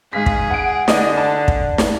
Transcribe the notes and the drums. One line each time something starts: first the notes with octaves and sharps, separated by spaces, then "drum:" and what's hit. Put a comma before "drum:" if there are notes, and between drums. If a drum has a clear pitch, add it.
G#2 G#4 F5 B6
drum: kick
F#5 D7
D3 D#5 D#6, drum: snare
A5
drum: kick
drum: snare